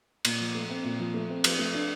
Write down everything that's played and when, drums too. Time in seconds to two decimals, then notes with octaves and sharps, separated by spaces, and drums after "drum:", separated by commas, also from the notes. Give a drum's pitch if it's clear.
0.25 A#2, drum: cymbal
0.40 F3
0.55 A3
0.69 C4
0.84 A#2
0.99 F3
1.14 A3
1.29 C4
1.44 F3, drum: cymbal
1.59 A3
1.73 D4